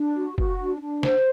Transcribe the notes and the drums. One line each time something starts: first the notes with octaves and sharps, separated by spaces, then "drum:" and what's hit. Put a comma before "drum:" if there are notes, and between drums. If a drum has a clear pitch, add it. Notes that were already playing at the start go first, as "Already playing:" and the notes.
Already playing: D4
F#4
F#4, drum: kick
D4
D4
C5, drum: snare